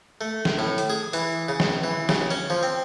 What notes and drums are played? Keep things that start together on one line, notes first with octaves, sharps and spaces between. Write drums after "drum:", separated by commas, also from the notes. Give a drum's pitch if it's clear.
A3
drum: snare
A2
drum: hi-hat
G#4
E3, drum: hi-hat
C#3
drum: snare
E3
C#3, drum: snare
C#4
F3
C4